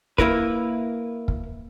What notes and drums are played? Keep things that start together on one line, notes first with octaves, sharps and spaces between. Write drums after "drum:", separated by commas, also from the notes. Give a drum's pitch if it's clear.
A#3 E4 A#4 B4, drum: kick
drum: kick